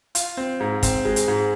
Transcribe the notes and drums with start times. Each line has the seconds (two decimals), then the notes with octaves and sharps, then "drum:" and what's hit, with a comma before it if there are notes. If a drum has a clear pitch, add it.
0.15 F4, drum: hi-hat
0.37 C4
0.60 G#2
0.83 C4, drum: kick, hi-hat
1.05 G#3
1.16 drum: hi-hat
1.28 G#2